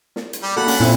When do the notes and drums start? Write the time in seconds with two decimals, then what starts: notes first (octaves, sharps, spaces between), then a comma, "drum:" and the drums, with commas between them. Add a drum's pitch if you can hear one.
0.16 drum: snare
0.33 drum: hi-hat
0.43 G3 G4
0.57 A#3 F#4 A4 F#5 B5
0.68 C#4, drum: open hi-hat
0.80 A#2 C4 E4